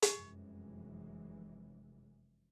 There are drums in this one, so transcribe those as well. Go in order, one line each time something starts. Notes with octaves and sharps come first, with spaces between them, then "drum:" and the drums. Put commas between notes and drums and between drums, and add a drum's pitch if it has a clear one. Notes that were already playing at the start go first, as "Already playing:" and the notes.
drum: hi-hat
F1 F#2 E3 G#3